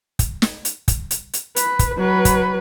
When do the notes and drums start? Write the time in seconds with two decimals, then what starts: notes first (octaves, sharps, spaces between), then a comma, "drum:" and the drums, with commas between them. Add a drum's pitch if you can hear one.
0.19 drum: kick, hi-hat
0.42 drum: snare
0.65 drum: hi-hat
0.88 drum: kick, hi-hat
1.11 drum: hi-hat
1.33 drum: hi-hat
1.56 B4, drum: hi-hat
1.79 drum: kick, hi-hat
1.97 F#3 B4
2.25 drum: kick, hi-hat